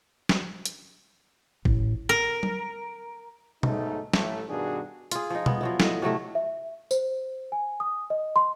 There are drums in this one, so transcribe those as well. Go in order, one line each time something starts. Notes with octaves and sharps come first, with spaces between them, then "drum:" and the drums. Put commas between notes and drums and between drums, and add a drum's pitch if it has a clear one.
drum: snare
drum: hi-hat
A1, drum: kick F#1
A#4
drum: tom F#3
B1 G#2 A3 D#4, drum: tom B2
A1 A3, drum: snare
G2 B2 D#3 D4 F#4 G#4
F4 G#4, drum: hi-hat
F3 D#4
B3, drum: tom B2
F3 F#3 E4
A2 D#5, drum: snare
C3 F#3 A3 E4
E5
C5, drum: tambourine
G#5
D#6
D#5
C6